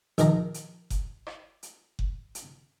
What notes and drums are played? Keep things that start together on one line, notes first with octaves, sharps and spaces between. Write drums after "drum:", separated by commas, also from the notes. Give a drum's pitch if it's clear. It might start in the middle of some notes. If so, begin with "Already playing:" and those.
A#1 D#3 A#5, drum: hi-hat
drum: hi-hat
drum: kick F#1, hi-hat
drum: rim click
drum: hi-hat
drum: kick F#1
drum: hi-hat